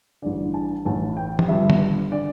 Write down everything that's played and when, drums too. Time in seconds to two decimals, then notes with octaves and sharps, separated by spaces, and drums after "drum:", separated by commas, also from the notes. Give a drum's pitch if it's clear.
0.22 A1 G2 D3 D5
0.54 A5
0.85 A1 A2 E3 A5
1.17 G5
1.39 drum: tom
1.48 G1 G2 D3 E5
1.70 drum: tom
2.12 D3 D5